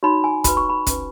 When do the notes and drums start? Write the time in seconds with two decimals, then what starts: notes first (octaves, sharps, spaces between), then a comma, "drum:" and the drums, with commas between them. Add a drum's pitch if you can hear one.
0.03 D#4 F#4 C#5 B5
0.24 G#5
0.44 F#4 B4 B5, drum: kick, hi-hat
0.57 C#6
0.69 B5
0.86 C#4 B4, drum: kick, hi-hat